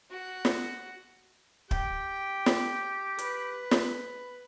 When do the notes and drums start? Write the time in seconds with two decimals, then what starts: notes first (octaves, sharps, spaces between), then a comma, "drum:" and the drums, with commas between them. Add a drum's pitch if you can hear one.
0.11 F#4
0.45 drum: snare
1.71 G4 G5, drum: kick
2.46 drum: snare
3.19 B4, drum: hi-hat
3.71 drum: snare